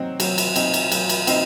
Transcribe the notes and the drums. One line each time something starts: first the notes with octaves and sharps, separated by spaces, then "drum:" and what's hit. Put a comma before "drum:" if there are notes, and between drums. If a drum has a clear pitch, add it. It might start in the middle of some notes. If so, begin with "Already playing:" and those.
Already playing: F#3 C4 D#4
F#3, drum: cymbal
drum: cymbal
C4 D#4, drum: cymbal
drum: cymbal
F#3, drum: cymbal
drum: cymbal
C4 D#4, drum: cymbal